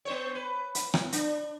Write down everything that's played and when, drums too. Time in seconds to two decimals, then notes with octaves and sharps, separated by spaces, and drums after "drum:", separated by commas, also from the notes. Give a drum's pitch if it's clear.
0.05 B3 C5 C#5
0.35 B4
0.75 drum: hi-hat
0.94 drum: rim click
1.12 D4, drum: hi-hat